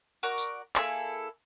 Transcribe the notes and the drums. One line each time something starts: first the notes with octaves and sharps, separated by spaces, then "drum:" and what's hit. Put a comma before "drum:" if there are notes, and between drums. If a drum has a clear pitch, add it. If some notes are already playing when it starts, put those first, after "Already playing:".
F#4 A#4 D5
drum: tambourine
A#3 E4 G#4 A4, drum: clap